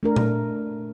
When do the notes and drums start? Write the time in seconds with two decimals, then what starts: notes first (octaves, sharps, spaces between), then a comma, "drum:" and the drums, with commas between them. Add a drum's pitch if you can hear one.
0.03 A3 D4 A#4
0.16 drum: tom A#2